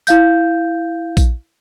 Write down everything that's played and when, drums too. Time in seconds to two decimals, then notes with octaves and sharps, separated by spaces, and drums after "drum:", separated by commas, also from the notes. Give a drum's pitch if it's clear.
0.07 E4 F5 G6, drum: tambourine
1.17 drum: kick A#1, tambourine